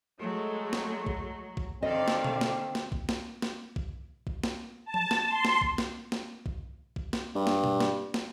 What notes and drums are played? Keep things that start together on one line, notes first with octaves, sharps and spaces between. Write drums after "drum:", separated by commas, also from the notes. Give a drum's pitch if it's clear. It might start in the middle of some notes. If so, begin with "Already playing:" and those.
F#3 G#3 A3
drum: snare
drum: kick
drum: kick
D3 D#3 C4 A4 D5 D#5 F5
drum: snare
drum: tom B2
drum: snare
drum: snare
drum: kick
drum: snare
drum: snare
drum: kick
drum: kick
drum: snare
A5
drum: tom F3
drum: snare
C6
drum: snare
drum: kick
drum: snare
drum: snare
drum: kick
drum: kick
drum: snare
G2
drum: snare
drum: tom B2
drum: snare
drum: snare